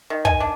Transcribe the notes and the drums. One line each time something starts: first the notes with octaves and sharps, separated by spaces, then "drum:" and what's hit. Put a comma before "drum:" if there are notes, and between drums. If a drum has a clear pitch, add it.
D#3
G#5, drum: kick
D4